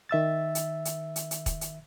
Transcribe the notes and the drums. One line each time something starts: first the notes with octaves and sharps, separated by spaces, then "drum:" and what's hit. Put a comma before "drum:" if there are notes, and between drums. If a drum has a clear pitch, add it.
D#3 E5 E6 A6
drum: hi-hat
drum: hi-hat
drum: hi-hat
drum: hi-hat
drum: kick, hi-hat
drum: hi-hat